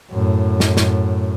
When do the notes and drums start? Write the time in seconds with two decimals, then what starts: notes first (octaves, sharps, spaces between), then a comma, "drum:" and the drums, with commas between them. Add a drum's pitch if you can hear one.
0.11 F#2 A2
0.60 drum: snare
0.77 drum: snare